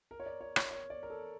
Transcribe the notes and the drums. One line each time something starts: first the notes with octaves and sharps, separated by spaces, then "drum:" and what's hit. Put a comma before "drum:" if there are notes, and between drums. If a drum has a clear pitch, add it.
A#4
C#5
D5
C#5
C#5, drum: rim click
C#5
D5
A#4
A4